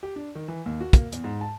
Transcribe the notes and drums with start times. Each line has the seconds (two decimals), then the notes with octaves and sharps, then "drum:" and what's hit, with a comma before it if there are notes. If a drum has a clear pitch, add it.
0.03 G4
0.16 D4
0.35 D#3
0.48 E3
0.66 D#2
0.80 F#4
0.93 A#3, drum: kick, hi-hat
1.12 E2, drum: hi-hat
1.24 G#2
1.41 A5